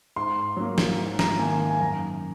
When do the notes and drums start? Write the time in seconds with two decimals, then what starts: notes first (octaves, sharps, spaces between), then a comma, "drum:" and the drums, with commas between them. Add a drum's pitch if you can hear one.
0.16 G#2 C6
0.56 F#3 A#3
0.78 drum: snare
0.98 G#2
1.19 A#5, drum: snare
1.39 D#3 A#3 G#5
1.60 G#5
1.71 G#5
1.81 F#2 A#5